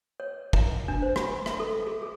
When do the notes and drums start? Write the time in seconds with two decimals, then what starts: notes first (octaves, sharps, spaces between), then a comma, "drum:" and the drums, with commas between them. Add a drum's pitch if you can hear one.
0.20 C#5
0.53 A#5, drum: kick
0.88 D4
1.02 C5
1.16 B5, drum: rim click
1.46 E5, drum: rim click
1.60 A4
1.87 G#4
2.02 G#4